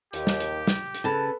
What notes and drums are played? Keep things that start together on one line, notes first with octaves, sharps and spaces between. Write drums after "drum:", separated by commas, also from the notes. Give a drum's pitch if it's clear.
D#2 G4, drum: hi-hat
drum: snare
drum: hi-hat
drum: snare
drum: hi-hat
C#3 A4 B4 A5